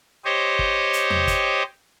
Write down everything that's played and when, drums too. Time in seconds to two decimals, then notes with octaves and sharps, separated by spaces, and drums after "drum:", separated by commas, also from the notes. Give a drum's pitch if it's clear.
0.25 G4 C5 C#5 D#5
0.59 drum: kick G1
0.93 drum: hi-hat
1.10 drum: tom E2
1.27 drum: kick G1, hi-hat